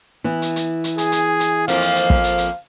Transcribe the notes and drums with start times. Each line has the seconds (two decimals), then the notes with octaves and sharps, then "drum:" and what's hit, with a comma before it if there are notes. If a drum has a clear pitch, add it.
0.24 E3 B3
0.42 drum: hi-hat
0.56 drum: hi-hat
0.84 drum: hi-hat
0.98 G#4, drum: hi-hat
1.12 drum: hi-hat
1.40 drum: hi-hat
1.68 F2 F3 A#3 F5, drum: hi-hat
1.82 drum: hi-hat
1.96 drum: hi-hat
2.10 drum: kick
2.24 drum: hi-hat
2.38 drum: hi-hat